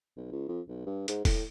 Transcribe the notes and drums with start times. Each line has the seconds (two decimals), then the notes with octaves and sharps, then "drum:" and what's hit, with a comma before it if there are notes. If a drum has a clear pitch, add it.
0.17 B1
0.32 C#2
0.48 F2
0.68 B1
0.86 G2
1.08 G#2, drum: hi-hat
1.25 A2, drum: kick E1, open hi-hat